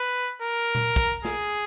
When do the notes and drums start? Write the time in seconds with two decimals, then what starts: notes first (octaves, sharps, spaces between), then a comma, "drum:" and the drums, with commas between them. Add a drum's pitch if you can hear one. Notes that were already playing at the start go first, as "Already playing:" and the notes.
Already playing: B4
0.42 A#4
0.75 drum: tom A#2
0.96 drum: kick
1.25 G#4, drum: snare